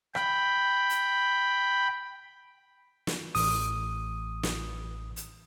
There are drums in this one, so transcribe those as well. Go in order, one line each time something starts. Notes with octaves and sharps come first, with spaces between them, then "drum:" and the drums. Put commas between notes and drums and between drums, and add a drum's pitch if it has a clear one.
G5 B5, drum: rim click
drum: hi-hat
drum: snare
A1 D#6, drum: open hi-hat
drum: snare
drum: hi-hat